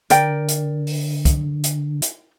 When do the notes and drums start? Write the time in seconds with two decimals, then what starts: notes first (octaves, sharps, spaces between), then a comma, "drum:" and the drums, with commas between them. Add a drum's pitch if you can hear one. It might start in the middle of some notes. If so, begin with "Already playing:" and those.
0.10 D3 A#4 D5 G5, drum: hi-hat
0.49 drum: hi-hat
0.87 drum: open hi-hat
1.25 drum: kick, hi-hat
1.64 drum: hi-hat
2.02 drum: hi-hat